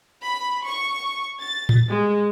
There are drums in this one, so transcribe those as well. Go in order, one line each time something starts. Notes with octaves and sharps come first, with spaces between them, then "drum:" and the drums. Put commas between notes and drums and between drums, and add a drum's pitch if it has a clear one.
B5
C#6
A6
drum: tom A2
G#3